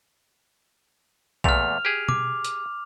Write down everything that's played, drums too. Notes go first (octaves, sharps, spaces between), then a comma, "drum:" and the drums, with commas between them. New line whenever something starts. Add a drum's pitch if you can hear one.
E2 A#2 A3 F6 F7, drum: kick B1
G4 G#4
D6, drum: tom B2
drum: hi-hat